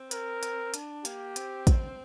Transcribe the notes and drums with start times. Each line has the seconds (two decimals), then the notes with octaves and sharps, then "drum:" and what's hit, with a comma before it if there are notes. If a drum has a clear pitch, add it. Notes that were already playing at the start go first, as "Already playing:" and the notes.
Already playing: C4
0.11 A#4, drum: hi-hat
0.43 drum: hi-hat
0.74 D4, drum: hi-hat
1.05 A#3 G4, drum: hi-hat
1.36 C4, drum: hi-hat
1.67 drum: kick, hi-hat